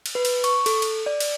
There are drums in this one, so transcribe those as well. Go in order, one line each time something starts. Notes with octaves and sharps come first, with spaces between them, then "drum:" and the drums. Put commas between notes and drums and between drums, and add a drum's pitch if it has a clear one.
drum: cymbal
B4
drum: cymbal
C#6, drum: cymbal
A4, drum: cymbal
drum: cymbal
D5
drum: cymbal